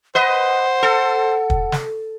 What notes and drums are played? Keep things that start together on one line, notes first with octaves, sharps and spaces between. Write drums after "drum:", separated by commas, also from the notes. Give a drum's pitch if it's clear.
B4 C5 D#5 F#5
A4
drum: kick
drum: snare